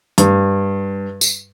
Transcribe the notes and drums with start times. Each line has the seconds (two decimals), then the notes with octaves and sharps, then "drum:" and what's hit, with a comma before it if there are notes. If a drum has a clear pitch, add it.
0.18 G2, drum: hi-hat
1.21 drum: tambourine